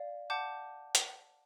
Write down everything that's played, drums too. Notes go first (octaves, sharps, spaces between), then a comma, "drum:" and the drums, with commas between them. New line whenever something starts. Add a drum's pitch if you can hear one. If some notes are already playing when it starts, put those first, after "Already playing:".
Already playing: D5 F5
F#5 A5 D6 G6
drum: hi-hat